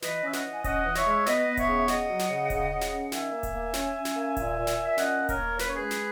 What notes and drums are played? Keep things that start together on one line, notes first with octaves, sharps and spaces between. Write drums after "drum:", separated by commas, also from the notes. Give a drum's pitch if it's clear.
E3 B4 D#5, drum: snare
C#4 E5
D#5 F#5, drum: snare
E3
G#5
C#4 D#5 F#5, drum: kick D#1, hi-hat
E3
C#5 E5, drum: snare
G#3
B3 B4 D#5, drum: snare
B3
C#5 E5, drum: kick D#1, hi-hat
C#3
E5
C#3 D#5 F#5, drum: snare
F#3
drum: snare
C#3
C#3, drum: kick D#1, hi-hat
C#3
drum: snare
C#4
D#3 E5 G#5, drum: snare
A#3
drum: kick D#1, hi-hat
A#3
C#4, drum: snare
C#4
drum: snare
A#3
A#2, drum: kick D#1, hi-hat
A#2
drum: snare
A#2
E5
C#4 D#5 F#5, drum: snare
A#3
A#4 C#5, drum: kick D#1, hi-hat
A#3
C#4 B4, drum: snare
C#5
G#4 B4
G#3
drum: snare